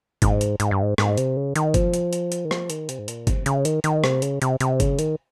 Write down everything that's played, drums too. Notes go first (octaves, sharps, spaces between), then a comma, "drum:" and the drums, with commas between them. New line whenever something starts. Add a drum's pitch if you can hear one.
G#2, drum: kick G1, hi-hat
drum: hi-hat
G#2, drum: hi-hat
G2
G#2
G#2, drum: rim click
C3, drum: hi-hat
C#3
D#3, drum: hi-hat
F3, drum: kick G1, hi-hat
drum: hi-hat
drum: hi-hat
drum: hi-hat
D#3
F3, drum: rim click
D#3, drum: hi-hat
C3, drum: hi-hat
G#2
A#2, drum: hi-hat
C3, drum: kick G1, hi-hat
C#3, drum: hi-hat
D#3, drum: hi-hat
D#3, drum: hi-hat
C3, drum: rim click
C#3, drum: hi-hat
C3, drum: hi-hat
C3, drum: hi-hat
C#3, drum: kick G1, hi-hat
D#3, drum: hi-hat